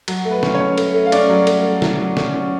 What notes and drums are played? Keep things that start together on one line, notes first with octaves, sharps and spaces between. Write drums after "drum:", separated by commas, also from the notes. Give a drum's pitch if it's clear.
F#3, drum: cymbal
A3
B4
C#4, drum: snare
C#5
C#4
A3, drum: cymbal
A3
F5
C#4 D5, drum: cymbal
F#3
A3, drum: cymbal
A3
F#3, drum: snare
F#3
C#4, drum: snare
C#4